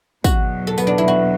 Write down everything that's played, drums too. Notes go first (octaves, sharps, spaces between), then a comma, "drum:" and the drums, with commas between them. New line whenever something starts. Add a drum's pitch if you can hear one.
E2 B2 F#3 F#4, drum: kick, tambourine
A4
B3, drum: tambourine
D4
E4
F#4